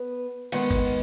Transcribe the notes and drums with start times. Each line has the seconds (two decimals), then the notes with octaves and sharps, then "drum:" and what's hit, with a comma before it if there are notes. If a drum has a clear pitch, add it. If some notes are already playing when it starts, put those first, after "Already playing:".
Already playing: B3
0.52 D#3 G#3 B3 F#5, drum: cymbal
0.71 drum: kick, cymbal